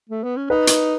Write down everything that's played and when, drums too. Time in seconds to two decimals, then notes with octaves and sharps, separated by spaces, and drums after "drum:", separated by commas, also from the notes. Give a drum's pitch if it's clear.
0.10 A3
0.24 B3
0.37 C#4
0.50 D#4 B4
0.67 drum: hi-hat